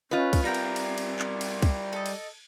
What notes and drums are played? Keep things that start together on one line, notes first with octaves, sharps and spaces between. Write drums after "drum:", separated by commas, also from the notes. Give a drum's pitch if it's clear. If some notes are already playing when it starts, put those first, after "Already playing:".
C#4 D#4 F4 B4
drum: kick, cymbal
G3 C4 A#4 F#5 G5 A#5
drum: cymbal
drum: cymbal
drum: cymbal
drum: clap
drum: cymbal
drum: kick, cymbal
A4 D#5
drum: cymbal